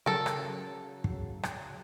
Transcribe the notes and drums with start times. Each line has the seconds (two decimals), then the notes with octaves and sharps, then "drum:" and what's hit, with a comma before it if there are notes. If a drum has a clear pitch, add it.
0.06 C#3 F#3 A4 A#4
0.26 drum: rim click
1.04 drum: kick
1.43 drum: rim click